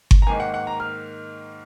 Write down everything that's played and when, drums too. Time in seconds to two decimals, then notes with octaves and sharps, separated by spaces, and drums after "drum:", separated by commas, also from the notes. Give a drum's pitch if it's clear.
0.11 drum: kick G1
0.22 A#5
0.27 G#2 D#3 A#3 G#5
0.40 F#5
0.54 F#5
0.67 A#5
0.80 F6